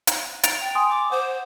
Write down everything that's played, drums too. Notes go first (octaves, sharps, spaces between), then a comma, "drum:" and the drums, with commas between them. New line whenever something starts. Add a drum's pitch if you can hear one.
drum: hi-hat
A6 D7 F7, drum: hi-hat
G5
G#5 C6 D#6
D6
C5 F#5